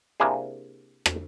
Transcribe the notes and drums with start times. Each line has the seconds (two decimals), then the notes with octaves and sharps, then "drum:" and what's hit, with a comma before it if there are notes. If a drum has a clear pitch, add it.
0.20 C3 A#3 D4 E4 G#4
1.06 drum: rim click